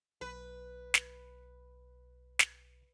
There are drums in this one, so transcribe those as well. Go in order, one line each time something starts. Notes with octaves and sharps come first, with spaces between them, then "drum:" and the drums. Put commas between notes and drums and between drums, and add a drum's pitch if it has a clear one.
B1 B4
drum: snare
drum: snare